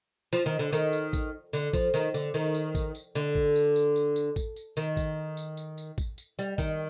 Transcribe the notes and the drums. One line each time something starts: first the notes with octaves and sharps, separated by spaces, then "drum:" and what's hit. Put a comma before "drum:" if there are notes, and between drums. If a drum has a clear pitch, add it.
F3, drum: tambourine
D#3
D3
D#3, drum: tambourine
drum: tambourine
drum: kick A1, tambourine
D3, drum: tambourine
F3, drum: kick A1, tambourine
D#3, drum: tambourine
D3, drum: tambourine
D#3, drum: tambourine
drum: tambourine
drum: kick A1, tambourine
drum: tambourine
D3, drum: tambourine
drum: kick A1
drum: tambourine
drum: tambourine
drum: tambourine
drum: tambourine
drum: kick A1, tambourine
drum: tambourine
D#3, drum: tambourine
drum: kick A1, tambourine
drum: tambourine
drum: tambourine
drum: tambourine
drum: kick A1, tambourine
drum: tambourine
G3, drum: tambourine
D#3, drum: kick A1, tambourine